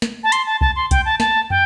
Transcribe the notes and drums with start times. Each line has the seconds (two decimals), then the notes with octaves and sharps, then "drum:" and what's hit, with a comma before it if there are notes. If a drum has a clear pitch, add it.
0.02 drum: snare
0.24 A5
0.32 C6, drum: hi-hat
0.46 A5
0.61 A5, drum: kick C2
0.76 C6
0.91 G5, drum: kick C2, hi-hat
1.05 A5
1.20 A5, drum: snare
1.50 G5, drum: tom